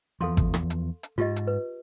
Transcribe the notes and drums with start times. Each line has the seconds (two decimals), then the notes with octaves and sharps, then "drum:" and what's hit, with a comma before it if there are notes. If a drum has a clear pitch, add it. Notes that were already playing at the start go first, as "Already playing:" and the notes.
0.21 E2 F3 A4 F5 C6
0.37 drum: kick G#1, hi-hat
0.54 drum: rim click
0.70 drum: hi-hat
1.03 drum: hi-hat
1.18 G#2 F4 G4 D#5
1.36 drum: hi-hat
1.47 B4